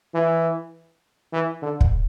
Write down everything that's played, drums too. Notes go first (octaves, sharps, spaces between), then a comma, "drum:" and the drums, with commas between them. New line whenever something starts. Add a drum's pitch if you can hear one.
E3
E3
D3
drum: kick